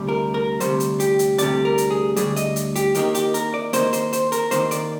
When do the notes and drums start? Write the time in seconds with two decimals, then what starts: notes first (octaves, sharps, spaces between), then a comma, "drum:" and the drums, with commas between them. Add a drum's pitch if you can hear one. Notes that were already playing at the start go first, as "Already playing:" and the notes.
Already playing: D2 C3 G3
0.09 A#4
0.34 A#4
0.60 D2 C3 G3 C5, drum: hi-hat
0.80 drum: hi-hat
1.00 G4, drum: hi-hat
1.19 drum: hi-hat
1.38 D2 C3 G3 D5, drum: hi-hat
1.65 A#4
1.78 drum: hi-hat
1.90 G#4
2.16 D2 C3 G3 G#4, drum: hi-hat
2.36 D#5, drum: hi-hat
2.56 drum: hi-hat
2.76 G4, drum: hi-hat
2.95 D#2 D#3 A#3 G4, drum: hi-hat
3.15 G4, drum: hi-hat
3.34 A#4, drum: hi-hat
3.54 D5
3.73 D#2 D#3 A#3 C5, drum: hi-hat
3.93 C5, drum: hi-hat
4.13 C5, drum: hi-hat
4.32 A#4, drum: hi-hat
4.51 D#2 D#3 A#3 C5, drum: hi-hat
4.71 D5, drum: hi-hat